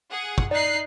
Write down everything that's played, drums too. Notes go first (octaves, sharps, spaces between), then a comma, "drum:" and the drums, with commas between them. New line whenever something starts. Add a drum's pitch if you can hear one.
G#4 F#5
drum: kick
D#4 D5 F#6 C7